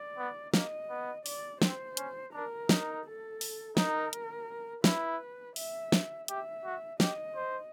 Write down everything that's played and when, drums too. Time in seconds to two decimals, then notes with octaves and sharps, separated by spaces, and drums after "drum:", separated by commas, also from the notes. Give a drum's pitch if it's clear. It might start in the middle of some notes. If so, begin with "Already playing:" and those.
Already playing: D5
0.18 B3
0.54 A#3 D#5, drum: snare
0.90 B3
1.26 D5, drum: open hi-hat
1.62 C4 C5, drum: snare
1.97 C#4, drum: hi-hat
2.33 D4 A#4
2.69 D#4, drum: snare
3.05 A4
3.41 drum: open hi-hat
3.77 D#4 A#4, drum: snare
4.13 drum: hi-hat
4.84 E4 B4, drum: snare
5.56 E5, drum: open hi-hat
5.92 drum: snare
6.28 G4 E5, drum: hi-hat
6.64 F#4
7.00 G4 D#5, drum: snare
7.36 C5